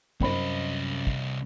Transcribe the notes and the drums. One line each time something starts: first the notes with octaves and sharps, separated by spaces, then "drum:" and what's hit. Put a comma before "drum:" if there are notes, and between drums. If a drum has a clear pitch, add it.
C2 F#2 C5 D#5 B5, drum: kick
drum: kick